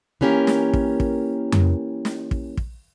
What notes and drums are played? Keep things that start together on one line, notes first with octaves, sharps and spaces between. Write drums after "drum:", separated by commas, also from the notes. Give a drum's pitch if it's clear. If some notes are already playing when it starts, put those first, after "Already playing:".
E3 A#3 C#4 G4 A#4
drum: snare
drum: kick
drum: kick
drum: tom F2
drum: snare
drum: kick
drum: kick